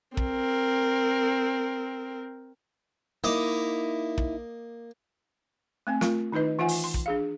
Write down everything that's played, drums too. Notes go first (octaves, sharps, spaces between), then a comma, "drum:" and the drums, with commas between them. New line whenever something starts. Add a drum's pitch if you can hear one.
C4 A#4, drum: kick
A#3 D#4 E4 D#5 D6
drum: kick
A3 C4 G#5
A3 F4 A#4, drum: snare
D#3 D#4 E4 B4 D#5
E3 F4 E5 F#5 G#5
drum: open hi-hat
C6
drum: kick
D4 G#4 F5